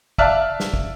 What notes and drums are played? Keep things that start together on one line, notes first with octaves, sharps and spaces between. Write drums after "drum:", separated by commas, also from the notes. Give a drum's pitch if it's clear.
D5 E5 F5 A5 F6 F#6, drum: kick
drum: snare
drum: kick